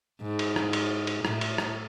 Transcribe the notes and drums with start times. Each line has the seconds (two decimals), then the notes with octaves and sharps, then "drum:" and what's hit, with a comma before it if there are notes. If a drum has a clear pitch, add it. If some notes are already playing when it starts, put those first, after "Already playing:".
0.23 G#2
0.39 drum: cymbal
0.56 drum: rim click
0.73 drum: cymbal
1.07 drum: cymbal
1.25 A2, drum: rim click
1.41 drum: cymbal
1.58 drum: rim click